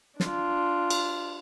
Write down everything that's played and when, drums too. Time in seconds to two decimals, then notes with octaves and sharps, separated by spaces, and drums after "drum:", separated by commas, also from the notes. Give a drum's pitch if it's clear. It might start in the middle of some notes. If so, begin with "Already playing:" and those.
0.20 D4 F4, drum: snare
0.90 drum: cymbal